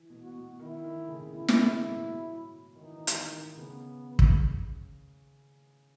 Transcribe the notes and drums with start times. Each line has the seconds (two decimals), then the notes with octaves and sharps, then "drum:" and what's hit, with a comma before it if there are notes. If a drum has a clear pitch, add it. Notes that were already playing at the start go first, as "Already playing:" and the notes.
Already playing: E3
0.10 B2
0.22 F#4
0.34 B2
0.59 D#3 E4
0.84 D#3
1.08 C#3
1.22 C#3
1.33 B2 E4
1.48 drum: snare
1.59 A#2
1.83 G#2
2.08 F#3
2.75 D#3
2.82 E3 D#4
3.07 D#3, drum: hi-hat
3.32 D#3
3.57 C#3 B3
4.19 drum: kick